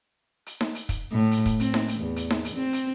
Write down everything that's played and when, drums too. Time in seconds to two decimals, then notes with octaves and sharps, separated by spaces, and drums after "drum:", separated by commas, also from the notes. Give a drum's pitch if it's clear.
0.46 drum: hi-hat
0.61 drum: snare D#4
0.75 drum: hi-hat
0.89 drum: kick, hi-hat
1.12 A2
1.31 drum: hi-hat
1.46 drum: kick, hi-hat
1.60 C4, drum: hi-hat
1.74 drum: snare D#4
1.88 drum: hi-hat
1.99 E2
2.16 drum: hi-hat
2.30 drum: snare D#4
2.45 drum: hi-hat
2.54 C4
2.73 drum: hi-hat